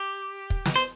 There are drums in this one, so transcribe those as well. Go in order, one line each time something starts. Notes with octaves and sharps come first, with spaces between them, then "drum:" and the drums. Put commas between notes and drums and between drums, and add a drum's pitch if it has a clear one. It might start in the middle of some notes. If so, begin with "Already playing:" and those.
Already playing: G4
drum: kick
drum: snare
C5